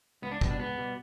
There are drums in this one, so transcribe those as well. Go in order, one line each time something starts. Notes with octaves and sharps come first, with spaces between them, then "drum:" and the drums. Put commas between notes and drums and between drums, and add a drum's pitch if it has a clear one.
C#2 B3
D4
B2 G3, drum: kick
D4
C#2 B3
B2 G3